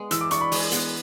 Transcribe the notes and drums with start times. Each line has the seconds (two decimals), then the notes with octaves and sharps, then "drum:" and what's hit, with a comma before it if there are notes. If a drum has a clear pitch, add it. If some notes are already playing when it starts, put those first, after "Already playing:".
Already playing: G#3 B3
0.11 E3 E6, drum: hi-hat
0.21 D6
0.31 D4 C#6, drum: hi-hat
0.41 B5
0.52 G#3, drum: open hi-hat
0.72 B3, drum: hi-hat